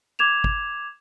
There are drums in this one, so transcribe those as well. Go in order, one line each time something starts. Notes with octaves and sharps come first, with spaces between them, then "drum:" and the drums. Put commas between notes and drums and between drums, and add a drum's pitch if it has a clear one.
D6 G#6 E7 F7
drum: kick